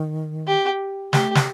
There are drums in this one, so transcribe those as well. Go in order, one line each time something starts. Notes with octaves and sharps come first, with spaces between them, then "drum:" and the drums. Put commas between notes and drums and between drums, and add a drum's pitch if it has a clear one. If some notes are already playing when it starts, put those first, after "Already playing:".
Already playing: D#3
G4
A3 G4, drum: snare
drum: snare